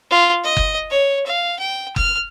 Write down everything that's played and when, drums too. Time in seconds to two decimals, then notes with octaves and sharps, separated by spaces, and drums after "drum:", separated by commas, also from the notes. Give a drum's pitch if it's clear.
0.11 F4
0.44 D#5
0.57 drum: kick F#1
0.90 C#5
1.26 F5
1.59 G5
1.96 F6, drum: kick F#1